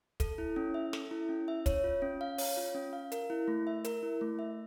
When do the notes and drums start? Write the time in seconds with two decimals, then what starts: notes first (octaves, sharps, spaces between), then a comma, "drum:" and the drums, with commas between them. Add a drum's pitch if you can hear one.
0.20 A4, drum: kick, hi-hat
0.38 E4
0.56 C#4
0.74 E5
0.93 A4, drum: snare
1.11 E4
1.29 C#4
1.48 E5
1.66 C#5, drum: kick, hi-hat
1.84 F4
2.02 C#4
2.21 F5
2.38 C#5, drum: open hi-hat
2.57 F4
2.75 C#4
2.93 F5
3.12 A#4, drum: hi-hat
3.30 E4
3.48 A3
3.67 E5
3.84 A#4, drum: hi-hat
4.03 E4
4.21 A3
4.39 E5